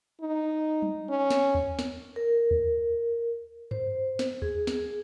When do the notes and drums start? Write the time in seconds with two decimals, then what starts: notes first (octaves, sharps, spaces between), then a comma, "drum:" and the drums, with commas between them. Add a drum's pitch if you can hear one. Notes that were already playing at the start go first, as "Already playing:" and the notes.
0.21 D#4
0.82 drum: tom F#3
1.10 C#4
1.31 drum: snare
1.55 drum: kick D#2
1.79 drum: snare
2.16 A#4
2.51 drum: kick D#2
3.71 C5, drum: tom G2
4.19 drum: snare
4.42 G#4, drum: kick D#2
4.67 drum: snare